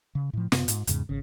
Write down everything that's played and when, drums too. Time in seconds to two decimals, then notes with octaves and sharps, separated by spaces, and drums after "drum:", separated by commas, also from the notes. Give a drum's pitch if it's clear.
0.15 C#3
0.33 A2 F3
0.52 F#2 C3 B3, drum: snare
0.68 G#2, drum: hi-hat
0.87 E2 G#2 C#3, drum: hi-hat
1.09 G#1 C#3